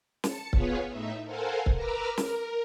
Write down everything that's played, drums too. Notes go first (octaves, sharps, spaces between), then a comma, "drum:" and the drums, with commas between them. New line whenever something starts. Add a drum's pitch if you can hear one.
A5 C#7, drum: snare
B3 F4 G#4 B4 C#5, drum: kick C#1
A2 D#4 E5
A4 A#4 C5 F5 F#5 G#5
drum: kick C#1
A#4 B4 A#5 D6 E6 F6
A#4, drum: snare